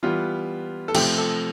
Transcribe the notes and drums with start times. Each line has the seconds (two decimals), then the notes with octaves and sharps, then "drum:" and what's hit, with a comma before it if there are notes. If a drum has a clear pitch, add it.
0.03 E3 G3 B3 F4
0.88 A4
0.95 C3 F3 A3 G4, drum: cymbal
1.18 A4